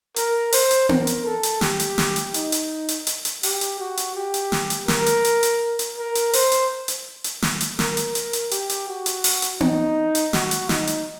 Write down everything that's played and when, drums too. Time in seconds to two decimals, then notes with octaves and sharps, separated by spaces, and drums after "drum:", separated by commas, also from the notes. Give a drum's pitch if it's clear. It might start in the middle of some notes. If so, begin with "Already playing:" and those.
0.16 A#4, drum: hi-hat
0.52 C5, drum: open hi-hat
0.71 drum: hi-hat
0.89 A#4, drum: tom B3
1.07 drum: hi-hat
1.25 A4
1.43 drum: hi-hat
1.61 G4, drum: snare
1.80 drum: hi-hat
1.98 drum: snare
2.16 drum: hi-hat
2.34 D#4, drum: hi-hat
2.52 drum: hi-hat
2.88 drum: hi-hat
3.07 drum: hi-hat
3.25 drum: hi-hat
3.43 G4, drum: open hi-hat
3.61 drum: hi-hat
3.79 F#4
3.97 drum: hi-hat
4.15 G4
4.34 drum: hi-hat
4.52 drum: snare
4.70 drum: hi-hat
4.88 A#4, drum: snare
5.06 drum: hi-hat
5.25 drum: hi-hat
5.43 drum: hi-hat
5.79 drum: hi-hat
5.97 A#4
6.15 drum: hi-hat
6.33 C5, drum: open hi-hat
6.52 drum: hi-hat
6.88 drum: hi-hat
7.24 drum: hi-hat
7.42 drum: snare
7.61 drum: hi-hat
7.79 A#4, drum: snare
7.97 drum: hi-hat
8.15 drum: hi-hat
8.33 drum: hi-hat
8.51 G4, drum: hi-hat
8.69 drum: hi-hat
8.88 F#4
9.06 drum: hi-hat
9.24 drum: open hi-hat
9.42 drum: hi-hat
9.60 D#4, drum: tom B3
10.15 drum: hi-hat
10.33 F#4, drum: snare
10.51 drum: hi-hat
10.69 D#4, drum: snare
10.87 drum: hi-hat